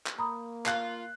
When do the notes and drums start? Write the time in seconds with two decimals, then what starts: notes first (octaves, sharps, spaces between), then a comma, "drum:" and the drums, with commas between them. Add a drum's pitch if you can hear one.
0.07 drum: clap
0.19 A#3 A#5 B5 D#6
0.66 F4 F#6 C7, drum: clap